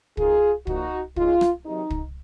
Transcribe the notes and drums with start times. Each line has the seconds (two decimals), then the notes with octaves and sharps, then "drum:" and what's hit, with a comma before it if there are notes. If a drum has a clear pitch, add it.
0.17 D#3 G#3 D#4 F4 G#4, drum: kick
0.67 A#2 F3 A#3 D#4 F#4, drum: kick
1.16 D#3 G#3 C#4 F4, drum: kick
1.41 drum: rim click
1.66 C3 D#3 F#3 D#4
1.90 drum: kick